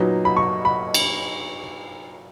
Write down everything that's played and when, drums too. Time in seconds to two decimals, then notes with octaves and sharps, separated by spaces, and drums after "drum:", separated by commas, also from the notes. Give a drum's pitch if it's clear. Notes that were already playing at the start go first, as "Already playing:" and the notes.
Already playing: A#2 F#3 B3 D#4
0.25 B5
0.37 C#6
0.65 B5
0.94 drum: cymbal